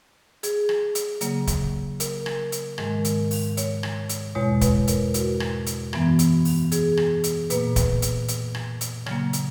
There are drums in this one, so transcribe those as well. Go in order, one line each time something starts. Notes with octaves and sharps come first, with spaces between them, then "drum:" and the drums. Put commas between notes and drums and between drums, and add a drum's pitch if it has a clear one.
G#4, drum: hi-hat
drum: rim click
drum: hi-hat
C#3 F#3 A#3, drum: hi-hat
drum: kick, hi-hat
A#4, drum: hi-hat
drum: rim click
drum: hi-hat
G#2 D#3 G#3 A#4, drum: rim click
drum: hi-hat
drum: open hi-hat
C#5, drum: hi-hat
drum: rim click
drum: hi-hat
E2 B2 G#3 C#5
B4, drum: kick, hi-hat
A#4, drum: hi-hat
F#4, drum: hi-hat
drum: rim click
drum: hi-hat
F#2 E3 B3, drum: rim click
drum: hi-hat
drum: open hi-hat
G#4, drum: hi-hat
drum: rim click
drum: hi-hat
A#2 A#3 B4, drum: hi-hat
drum: kick, hi-hat
drum: hi-hat
drum: hi-hat
drum: rim click
drum: hi-hat
C#3 F#3 A#3, drum: rim click
drum: hi-hat